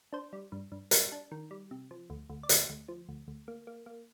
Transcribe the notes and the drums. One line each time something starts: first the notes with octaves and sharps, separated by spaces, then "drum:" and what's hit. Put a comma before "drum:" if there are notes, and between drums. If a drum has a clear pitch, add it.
D4 C5
G3
G2
G2
G3 A#4, drum: hi-hat
D4
D#3
G3
C3
F3
D2
D2
D5
D2 D#5, drum: hi-hat
D2
F3
D2
D2
A#3
A#3
A#3